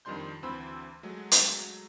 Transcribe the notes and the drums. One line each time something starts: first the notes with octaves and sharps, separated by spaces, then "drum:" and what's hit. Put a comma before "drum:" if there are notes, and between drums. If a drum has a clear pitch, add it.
F2 D#3 G3 D4 C6 G6
D2 E3 C4 C5 B5 E6
F#3 G#3 A3
drum: hi-hat